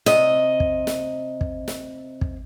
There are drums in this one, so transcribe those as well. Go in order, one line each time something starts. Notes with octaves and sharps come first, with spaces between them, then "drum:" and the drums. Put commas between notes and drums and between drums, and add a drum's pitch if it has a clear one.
C3 D#5, drum: snare
drum: kick
drum: snare
drum: kick
drum: snare
drum: kick